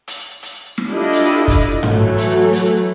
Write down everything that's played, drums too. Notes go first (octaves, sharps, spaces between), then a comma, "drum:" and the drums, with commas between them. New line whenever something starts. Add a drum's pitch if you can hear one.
drum: hi-hat
drum: hi-hat
drum: snare
D4 E4 F4 G4 A4 D#5
drum: hi-hat
drum: kick, hi-hat
E3 F#3 A3, drum: tom G#2
drum: hi-hat
drum: hi-hat